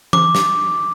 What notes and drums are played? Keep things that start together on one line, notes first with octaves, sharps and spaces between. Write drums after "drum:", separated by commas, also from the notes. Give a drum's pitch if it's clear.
D6, drum: tom E3
drum: snare